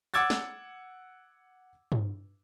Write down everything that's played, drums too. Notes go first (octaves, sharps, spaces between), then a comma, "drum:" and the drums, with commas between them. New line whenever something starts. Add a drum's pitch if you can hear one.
F#5 D6 E6 G#6 A6
drum: snare
drum: tom